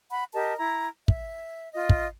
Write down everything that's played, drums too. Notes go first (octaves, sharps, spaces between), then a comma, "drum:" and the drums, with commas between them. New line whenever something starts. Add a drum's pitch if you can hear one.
F#5 B5
G4 A#4 D#5 A5
E4 A#5
E5, drum: kick
F4 D#5
drum: kick